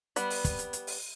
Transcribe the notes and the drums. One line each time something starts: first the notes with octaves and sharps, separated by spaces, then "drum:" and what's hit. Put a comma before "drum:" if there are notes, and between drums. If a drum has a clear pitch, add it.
G3 B3, drum: hi-hat
drum: open hi-hat
drum: kick, hi-hat
drum: hi-hat
drum: hi-hat
drum: open hi-hat